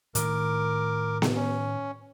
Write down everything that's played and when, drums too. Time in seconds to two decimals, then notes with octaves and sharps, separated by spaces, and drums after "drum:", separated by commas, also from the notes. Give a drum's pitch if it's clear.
0.15 A2 D#3 A#4 D6, drum: hi-hat
1.22 drum: snare B3
1.35 C#4